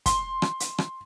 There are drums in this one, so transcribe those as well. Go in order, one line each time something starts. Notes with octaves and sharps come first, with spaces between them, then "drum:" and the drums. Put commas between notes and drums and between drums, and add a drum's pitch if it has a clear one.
C6, drum: kick, hi-hat
drum: rim click
drum: hi-hat
drum: rim click